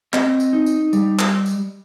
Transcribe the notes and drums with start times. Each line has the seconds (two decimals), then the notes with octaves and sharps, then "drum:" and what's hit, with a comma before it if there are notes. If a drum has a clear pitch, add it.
0.13 C4 D#5, drum: clap
0.40 drum: tambourine
0.53 D#4
0.66 drum: tambourine
0.93 G3, drum: tambourine
1.19 drum: clap
1.46 drum: tambourine